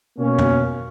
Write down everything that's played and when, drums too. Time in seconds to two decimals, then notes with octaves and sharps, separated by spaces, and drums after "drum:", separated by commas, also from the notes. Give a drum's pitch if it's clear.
0.19 B2 A#3 C#4
0.39 drum: tom F2